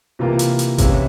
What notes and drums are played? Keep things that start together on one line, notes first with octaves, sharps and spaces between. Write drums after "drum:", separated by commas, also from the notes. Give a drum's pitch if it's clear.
C3 E3 A#3 F4
drum: hi-hat
drum: hi-hat
C3 E3 G#3 C#4 E4, drum: kick G1, hi-hat